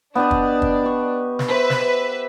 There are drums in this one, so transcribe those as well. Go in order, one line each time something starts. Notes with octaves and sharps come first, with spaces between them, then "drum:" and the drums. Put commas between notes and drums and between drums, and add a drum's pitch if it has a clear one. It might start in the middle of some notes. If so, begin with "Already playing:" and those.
B3 D4 G4 D#5
drum: kick
drum: kick
C#6
drum: snare
B4 C5 E5
drum: snare